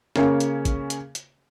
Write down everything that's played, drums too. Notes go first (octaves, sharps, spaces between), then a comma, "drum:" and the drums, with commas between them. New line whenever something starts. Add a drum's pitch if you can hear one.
C#3 A#3 C#4, drum: snare
drum: hi-hat
drum: kick, hi-hat
drum: hi-hat
drum: hi-hat